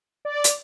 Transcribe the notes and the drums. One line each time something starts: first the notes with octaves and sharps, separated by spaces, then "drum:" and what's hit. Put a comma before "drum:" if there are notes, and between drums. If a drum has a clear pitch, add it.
D5
drum: hi-hat